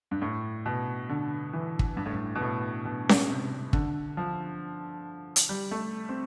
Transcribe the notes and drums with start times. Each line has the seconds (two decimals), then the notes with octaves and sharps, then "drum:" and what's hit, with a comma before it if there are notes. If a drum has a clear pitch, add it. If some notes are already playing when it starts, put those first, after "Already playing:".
0.11 G2
0.22 A2
0.65 B2
1.09 D3
1.53 E3
1.79 drum: kick
1.97 G2
2.06 A2
2.13 G2
2.35 B2
2.41 A2
2.85 B2
3.09 drum: snare C#4
3.30 C3
3.73 D3, drum: kick
4.17 F3
5.36 drum: hi-hat
5.49 G3
5.71 A3
6.09 C4